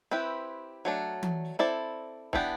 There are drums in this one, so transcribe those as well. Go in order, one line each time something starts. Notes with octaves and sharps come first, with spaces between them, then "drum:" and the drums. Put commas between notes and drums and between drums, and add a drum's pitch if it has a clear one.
C4 E4 G4 B4
F#3 A3 D4
drum: tom E3
C4 E4 A4 D5
E3 B3 D4 G4, drum: kick